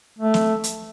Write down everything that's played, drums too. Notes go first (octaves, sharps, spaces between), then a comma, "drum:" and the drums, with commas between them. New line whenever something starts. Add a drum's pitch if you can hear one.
A3
drum: snare
drum: hi-hat